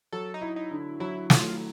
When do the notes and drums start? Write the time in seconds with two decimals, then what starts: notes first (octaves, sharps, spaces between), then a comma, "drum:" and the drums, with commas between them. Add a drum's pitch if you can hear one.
0.12 F#3 A4
0.34 D#4
0.42 E4
0.56 D#4
0.71 D3
1.00 F#3 E4
1.30 F#3 F4, drum: snare